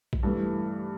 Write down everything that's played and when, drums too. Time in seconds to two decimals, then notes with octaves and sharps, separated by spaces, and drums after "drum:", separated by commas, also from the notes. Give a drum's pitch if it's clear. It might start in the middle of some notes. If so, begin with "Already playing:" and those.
0.13 drum: kick
0.23 G2 E3 A3